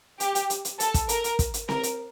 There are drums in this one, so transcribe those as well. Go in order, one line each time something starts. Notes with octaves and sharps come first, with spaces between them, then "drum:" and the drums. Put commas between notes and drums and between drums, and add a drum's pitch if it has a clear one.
G4, drum: hi-hat
drum: hi-hat
drum: hi-hat
drum: hi-hat
A4, drum: hi-hat
drum: kick, hi-hat
A#4, drum: hi-hat
drum: hi-hat
drum: kick, hi-hat
drum: hi-hat
A#4, drum: snare C4
drum: hi-hat